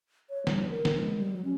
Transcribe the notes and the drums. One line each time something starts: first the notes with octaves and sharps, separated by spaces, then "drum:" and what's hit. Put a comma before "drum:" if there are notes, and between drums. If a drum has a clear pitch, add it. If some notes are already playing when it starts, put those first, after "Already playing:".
C#5
G3, drum: snare
A#4
drum: snare
G#3
G3
F#3
C#4